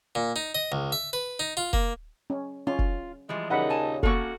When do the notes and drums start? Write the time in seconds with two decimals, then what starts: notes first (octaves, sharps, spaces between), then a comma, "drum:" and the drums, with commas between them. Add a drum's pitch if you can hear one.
0.15 A#2
0.36 D#4
0.55 D#5
0.72 C#2
0.92 E5
1.13 B4
1.39 D#4
1.57 F4
1.73 A#3, drum: kick F1
2.30 C#4
2.67 C#4 F4
2.79 drum: kick F1
3.29 E3 F3 G3 G#3
3.50 D#2 A#2 C#3 D#4 E5 F#5 B5
3.70 G#5 A5
4.03 A#3 C#4 F#4 A4 C#6, drum: kick F1